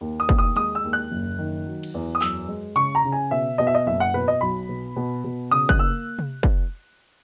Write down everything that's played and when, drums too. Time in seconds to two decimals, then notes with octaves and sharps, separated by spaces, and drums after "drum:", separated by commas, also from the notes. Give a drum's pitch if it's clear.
0.01 D#2
0.20 D#6
0.29 D#2, drum: kick
0.39 D#6
0.56 G#3 D#6, drum: hi-hat
0.75 E6
0.84 D#2
0.93 F#6
1.11 F#1
1.39 D#3
1.66 F#3
1.83 drum: cymbal
1.94 E2
2.15 D#6
2.21 F#2 E6, drum: clap
2.48 G#3
2.76 C#3 C#6, drum: hi-hat
2.95 A#5
3.04 C#3
3.12 G#5
3.31 B2 E5
3.58 B2 D#5
3.67 E5
3.75 D#5
3.86 F#1 E5
4.00 F#5
4.14 B2 B4
4.28 D#5
4.41 B1 B5
4.69 B2
4.96 B2
5.24 B2
5.51 C#3 D#6
5.69 F#6, drum: kick
5.79 A#3 E6
6.19 drum: tom C3
6.43 drum: kick